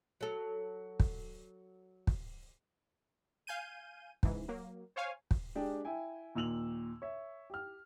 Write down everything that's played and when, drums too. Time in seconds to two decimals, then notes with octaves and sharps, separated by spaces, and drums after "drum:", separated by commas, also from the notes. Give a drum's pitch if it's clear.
0.21 F#3 A4
1.00 drum: kick
2.07 drum: kick
3.47 F5 G#5 G6 D#7
4.23 C#2 G#2 E3, drum: kick
4.48 F#3 A#3
4.96 C5 C#5 F5 G#5
5.31 drum: kick
5.55 G#3 D4 G4
5.85 E4 G5 G#5
6.35 D#2 A#2 E6 F7 F#7
7.02 C#5 E5
7.50 G4 F6